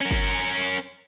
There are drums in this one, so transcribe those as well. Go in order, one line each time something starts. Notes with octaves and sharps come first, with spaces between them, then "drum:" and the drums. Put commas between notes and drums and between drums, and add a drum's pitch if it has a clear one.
C#4 A#4
drum: kick F#1